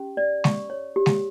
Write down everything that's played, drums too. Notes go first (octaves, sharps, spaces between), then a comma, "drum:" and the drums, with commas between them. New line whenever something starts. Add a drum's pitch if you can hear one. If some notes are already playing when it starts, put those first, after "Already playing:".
Already playing: C#4 G4
D5
C#6, drum: snare G#3
C#5
G4
drum: snare G#3